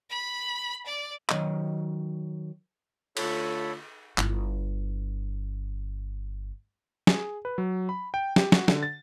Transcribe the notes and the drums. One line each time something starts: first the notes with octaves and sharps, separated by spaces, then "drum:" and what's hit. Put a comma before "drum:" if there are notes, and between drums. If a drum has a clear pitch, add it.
B5
D5
D#3 F#3 D#5, drum: clap
D3 A3 F4 A4 C#5 B5, drum: cymbal
G1 E4, drum: clap
G#4, drum: snare
B4
F#3
B5
G5
G4, drum: snare
F#4, drum: snare
D3, drum: snare
A6